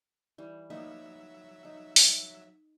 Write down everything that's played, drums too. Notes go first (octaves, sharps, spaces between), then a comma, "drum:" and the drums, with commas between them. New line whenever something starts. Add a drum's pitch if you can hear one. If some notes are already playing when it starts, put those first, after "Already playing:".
E3 G3
F#3 A#3 B3 D#4 E5
D#4
drum: open hi-hat